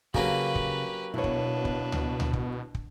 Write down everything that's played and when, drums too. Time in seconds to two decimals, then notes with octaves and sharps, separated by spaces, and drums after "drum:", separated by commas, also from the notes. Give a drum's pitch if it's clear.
0.14 C#3 F#3 A#3 C#4 G4 B4, drum: kick
0.55 drum: kick
1.14 B2 D4 E4 B4 C#5
1.24 drum: kick
1.65 drum: kick
1.92 drum: tom C#2
2.20 drum: tom C#2
2.33 drum: kick
2.75 drum: kick